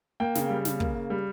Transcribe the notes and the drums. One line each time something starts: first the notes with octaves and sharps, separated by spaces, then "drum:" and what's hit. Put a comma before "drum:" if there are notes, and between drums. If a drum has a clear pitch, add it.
A#3 G5
C#3, drum: snare
G3
C#3, drum: snare
A#3, drum: kick
C#3
G3